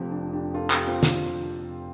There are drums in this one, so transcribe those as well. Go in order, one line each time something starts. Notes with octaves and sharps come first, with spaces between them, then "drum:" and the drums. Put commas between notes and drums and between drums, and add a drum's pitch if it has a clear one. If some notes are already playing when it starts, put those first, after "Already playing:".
Already playing: F1 F2 F3
D4
D4 G4
F4 A4
D4 G4, drum: clap
C4 F4
D4, drum: snare